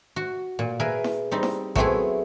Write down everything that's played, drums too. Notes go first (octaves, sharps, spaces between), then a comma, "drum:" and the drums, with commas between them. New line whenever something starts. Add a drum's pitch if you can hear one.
F#4
A#2
G#4 A#4 B4 E5
drum: snare E4
G3 C4 D#4
drum: snare E4
F#3 A3 B3 C4 E4 G#4, drum: kick A1